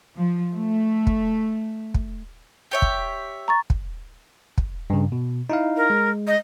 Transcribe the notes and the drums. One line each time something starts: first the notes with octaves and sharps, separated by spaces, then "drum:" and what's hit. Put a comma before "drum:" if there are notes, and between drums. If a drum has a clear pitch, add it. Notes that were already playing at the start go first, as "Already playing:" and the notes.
F3
A3
drum: kick
drum: kick
G4 C#5 E5
drum: kick
A#5 C#6 A6
drum: kick
drum: kick
G2 C#3
B2
D#4 E4 F5
A#4
G#3
D#5